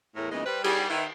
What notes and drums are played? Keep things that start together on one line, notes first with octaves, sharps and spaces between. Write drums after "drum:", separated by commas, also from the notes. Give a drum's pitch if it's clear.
E2 A2 A#4
A#2 C#3 E3 G#3 B3 D#4
G3 B4 C5
G3 G#4, drum: cymbal
D#3 E4 B4